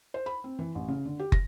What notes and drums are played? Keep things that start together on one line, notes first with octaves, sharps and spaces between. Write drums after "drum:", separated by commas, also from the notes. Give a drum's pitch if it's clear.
C5
B5
C4
E3
A1
C#3
D3
G4
A#6, drum: kick